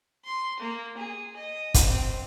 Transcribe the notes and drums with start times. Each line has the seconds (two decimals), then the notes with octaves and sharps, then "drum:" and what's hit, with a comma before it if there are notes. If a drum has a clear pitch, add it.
0.25 C6
0.60 A#3
0.97 G#4
1.36 D#5
1.74 drum: kick, hi-hat
1.89 C4